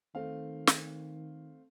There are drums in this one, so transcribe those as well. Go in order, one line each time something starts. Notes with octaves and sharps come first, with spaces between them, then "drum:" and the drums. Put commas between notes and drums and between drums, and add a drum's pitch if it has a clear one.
D#3 A3 C4 F5
drum: snare